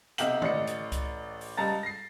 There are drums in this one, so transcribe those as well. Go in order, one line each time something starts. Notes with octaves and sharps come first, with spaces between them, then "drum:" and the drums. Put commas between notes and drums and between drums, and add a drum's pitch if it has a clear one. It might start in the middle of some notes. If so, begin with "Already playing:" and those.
B1 C3 D#5 F#5 G5 F#7, drum: hi-hat
A1 D5 D#5 C#7, drum: tom D3
drum: hi-hat
drum: kick C2, hi-hat
drum: open hi-hat
C#2 G3 D#5 A5 A#5 A6
A#6 C7